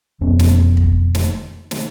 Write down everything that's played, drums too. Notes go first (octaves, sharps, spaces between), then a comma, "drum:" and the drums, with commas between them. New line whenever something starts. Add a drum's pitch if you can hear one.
E1 F2 B3 C#4
drum: snare
drum: kick
drum: snare
drum: snare